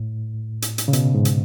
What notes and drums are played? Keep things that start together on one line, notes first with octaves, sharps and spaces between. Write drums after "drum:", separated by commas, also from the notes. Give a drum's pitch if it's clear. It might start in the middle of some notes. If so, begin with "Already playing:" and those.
Already playing: A2
drum: hi-hat
drum: hi-hat
C#3
B2, drum: hi-hat
G#2
drum: hi-hat